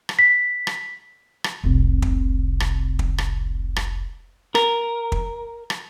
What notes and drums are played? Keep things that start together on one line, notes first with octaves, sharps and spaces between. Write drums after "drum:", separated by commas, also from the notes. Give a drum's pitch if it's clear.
drum: rim click
B6
drum: rim click
drum: rim click
F1 C2
drum: kick
drum: rim click
drum: kick
drum: rim click
drum: rim click
A#4, drum: rim click
drum: kick
drum: rim click